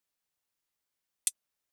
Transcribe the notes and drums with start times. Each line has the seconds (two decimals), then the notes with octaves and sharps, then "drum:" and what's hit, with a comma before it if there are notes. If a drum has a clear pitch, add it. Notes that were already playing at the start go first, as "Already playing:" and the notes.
0.14 E3 A#3 D4
1.27 D5 E5, drum: hi-hat